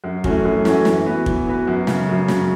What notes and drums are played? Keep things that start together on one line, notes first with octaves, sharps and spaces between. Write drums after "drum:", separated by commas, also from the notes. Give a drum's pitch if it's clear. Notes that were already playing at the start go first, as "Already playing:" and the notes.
F#2
E3 A3 C#4 F#4, drum: kick
F#2
E3 A3 C#4 F#4, drum: snare
E3, drum: snare
B3 F#4 B4
E3, drum: kick
B3 F#4 B4
F#2
C#3 F#3, drum: snare
F#2
C#3 F#3, drum: snare